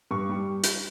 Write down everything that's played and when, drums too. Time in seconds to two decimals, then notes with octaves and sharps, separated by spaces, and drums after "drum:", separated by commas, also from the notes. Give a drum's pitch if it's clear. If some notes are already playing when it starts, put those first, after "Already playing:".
0.11 G2 C#6
0.29 G3
0.63 drum: hi-hat